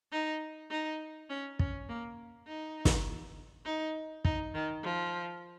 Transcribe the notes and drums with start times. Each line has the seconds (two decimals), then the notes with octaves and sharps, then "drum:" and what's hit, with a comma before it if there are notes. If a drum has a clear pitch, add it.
0.12 D#4
0.71 D#4
1.29 C#4
1.59 C#4, drum: kick
1.89 A#3
2.47 D#4
2.85 drum: snare
3.65 D#4
4.25 D#4, drum: kick
4.54 D#3
4.83 F3